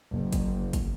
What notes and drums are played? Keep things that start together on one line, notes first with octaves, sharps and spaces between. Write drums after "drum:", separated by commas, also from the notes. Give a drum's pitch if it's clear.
F#1
drum: kick, hi-hat
drum: kick, hi-hat